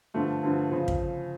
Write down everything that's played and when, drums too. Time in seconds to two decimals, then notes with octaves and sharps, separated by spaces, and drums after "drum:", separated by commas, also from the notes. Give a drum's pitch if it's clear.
0.14 G2 D3 F3 A3
0.43 G2 D3 F3
0.71 C#3 F3
0.88 drum: kick